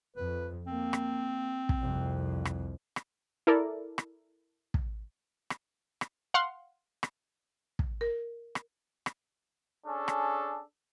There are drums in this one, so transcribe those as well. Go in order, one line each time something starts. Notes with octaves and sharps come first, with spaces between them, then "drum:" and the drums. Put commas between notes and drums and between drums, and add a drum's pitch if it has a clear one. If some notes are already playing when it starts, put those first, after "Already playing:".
F2 B4
A#3 C4
drum: rim click
drum: kick
C2 F2
drum: rim click
drum: rim click
E4 A4 A#4 D5
drum: rim click
drum: kick
drum: rim click
drum: rim click
F5 F#5 C6
drum: rim click
drum: kick
A#4
drum: rim click
drum: rim click
C#4 D4 G#4 A4
drum: rim click